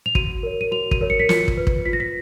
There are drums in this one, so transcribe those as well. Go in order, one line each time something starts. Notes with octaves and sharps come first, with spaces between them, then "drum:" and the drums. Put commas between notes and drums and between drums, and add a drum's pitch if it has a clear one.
F7
F#4 D#7, drum: kick
A#4 C#5
D#7
F#4 F7
D#7, drum: kick
A#4 C#5
C#7
B6
F4 C#7, drum: snare
drum: kick
B4
drum: kick
F4 B6
A#6
B6